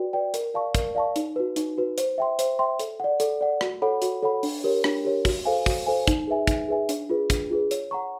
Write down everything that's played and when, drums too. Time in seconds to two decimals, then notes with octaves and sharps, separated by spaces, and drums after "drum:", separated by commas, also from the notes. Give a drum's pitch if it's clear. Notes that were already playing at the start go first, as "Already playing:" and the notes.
Already playing: F#4 B4 D5 G5
0.13 B4 D5 G5
0.34 A#4, drum: hi-hat
0.54 D5 F5 A5 C#6
0.75 A#4, drum: kick, hi-hat
0.95 D5 F5 A5 C#6
1.16 D#4, drum: hi-hat
1.36 F#4 B4
1.56 D#4, drum: hi-hat
1.78 F#4 B4
1.98 C5, drum: hi-hat
2.18 E5 G5 C6
2.39 C5, drum: hi-hat
2.59 E5 G5 C6
2.79 A4, drum: hi-hat
3.00 D5 F#5
3.20 A4, drum: hi-hat
3.41 D5 F#5
3.61 F#4, drum: rim click
3.82 A4 C#5 F#5 B5
4.02 F#4, drum: hi-hat
4.23 A4 C#5 F#5 B5
4.43 D4, drum: open hi-hat
4.64 G4 A#4 C#5
4.84 D4, drum: rim click
5.04 G4 A#4 C#5
5.25 F#4, drum: kick, open hi-hat
5.45 A4 C5 F5 G#5
5.66 F#4, drum: kick, open hi-hat
5.87 A4 C5 F5 G#5
6.07 D#4, drum: kick, hi-hat
6.27 G#4 B4 E5 G#5
6.47 D#4, drum: kick, hi-hat
6.68 G#4 B4 E5 G#5
6.89 D4, drum: hi-hat
7.09 F4 G#4 B4
7.30 D4, drum: kick, hi-hat
7.50 F4 G#4 B4
7.71 C#5, drum: hi-hat
7.91 F#5 A#5 C#6